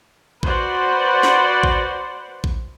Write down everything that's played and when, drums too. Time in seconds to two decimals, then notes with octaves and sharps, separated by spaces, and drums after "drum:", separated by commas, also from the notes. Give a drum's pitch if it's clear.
0.43 F#4 B4 C5 D5 F#5, drum: kick A#1
1.23 drum: snare
1.64 drum: kick A#1
2.44 drum: kick A#1